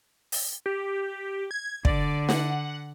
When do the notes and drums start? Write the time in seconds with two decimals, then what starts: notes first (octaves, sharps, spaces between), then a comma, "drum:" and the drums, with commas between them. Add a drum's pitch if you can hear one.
0.32 drum: open hi-hat
0.66 G4
1.51 G#6
1.85 D3 D5, drum: kick
2.29 F#5, drum: snare